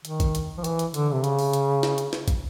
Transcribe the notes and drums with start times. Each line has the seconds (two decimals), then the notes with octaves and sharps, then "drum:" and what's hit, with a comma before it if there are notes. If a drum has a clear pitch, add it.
0.05 D#3, drum: hi-hat
0.20 drum: kick, hi-hat
0.35 drum: hi-hat
0.57 F3
0.64 E3, drum: hi-hat
0.79 drum: hi-hat
0.94 D3, drum: hi-hat
1.13 C3
1.24 C#3, drum: hi-hat
1.39 drum: open hi-hat
1.53 drum: hi-hat
1.83 drum: snare
1.98 drum: hi-hat
2.13 drum: snare
2.28 drum: kick, hi-hat